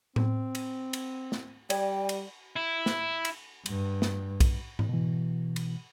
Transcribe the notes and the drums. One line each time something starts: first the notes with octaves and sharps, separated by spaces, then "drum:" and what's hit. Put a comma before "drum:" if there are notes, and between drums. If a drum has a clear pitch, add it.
C4, drum: tom A2
drum: cymbal
drum: cymbal
drum: snare
G3 D5 G5, drum: cymbal
drum: cymbal
E4
drum: snare
drum: cymbal
G2, drum: cymbal
drum: snare
drum: kick B1, cymbal
drum: tom G#2
B2 E3
drum: cymbal